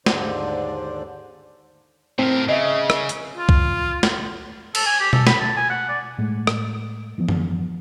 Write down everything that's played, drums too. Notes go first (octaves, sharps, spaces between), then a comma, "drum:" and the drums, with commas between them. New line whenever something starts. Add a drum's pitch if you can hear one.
D#2 G#2 D3 D4 C5 D5, drum: snare
A2 C4 A#4
C#3 D#5 E5
drum: rim click
drum: hi-hat
F4
drum: kick C2
drum: snare
A4, drum: cymbal
G#5
G4
A4, drum: tom B2
B5, drum: snare
A5
G#5
F#5
D5
A2 G#3 A3
drum: rim click
E3 F3 B3
drum: tom